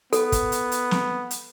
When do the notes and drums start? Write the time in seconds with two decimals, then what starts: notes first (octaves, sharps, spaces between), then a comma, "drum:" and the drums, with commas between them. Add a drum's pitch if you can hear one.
0.13 B3 A4, drum: hi-hat
0.32 drum: kick, hi-hat
0.52 drum: hi-hat
0.72 drum: hi-hat
0.91 drum: snare
1.31 drum: hi-hat